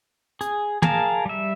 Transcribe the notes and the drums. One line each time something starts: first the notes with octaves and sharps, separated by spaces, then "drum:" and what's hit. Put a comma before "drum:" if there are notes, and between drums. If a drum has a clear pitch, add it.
G#4, drum: hi-hat
G#4 A#4 F5 A5, drum: tom
G3 E5